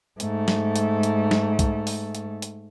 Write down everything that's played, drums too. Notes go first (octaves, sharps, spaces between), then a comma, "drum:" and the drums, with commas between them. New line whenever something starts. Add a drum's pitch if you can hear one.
G#2 A3, drum: hi-hat
drum: snare
drum: hi-hat
drum: hi-hat
drum: snare
drum: kick, hi-hat
drum: open hi-hat
drum: hi-hat
drum: hi-hat